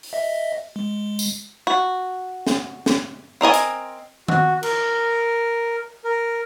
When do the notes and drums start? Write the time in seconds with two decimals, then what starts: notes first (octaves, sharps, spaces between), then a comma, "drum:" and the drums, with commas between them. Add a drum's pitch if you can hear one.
0.03 drum: open hi-hat
0.13 D#5 E5
0.76 G#3
1.19 drum: tambourine
1.67 F#4
2.47 drum: snare
2.86 drum: snare
3.41 C4 A#4 D#5 G#5
3.54 drum: hi-hat
4.28 F#4, drum: tom D#3
4.63 A#4, drum: cymbal
6.04 A#4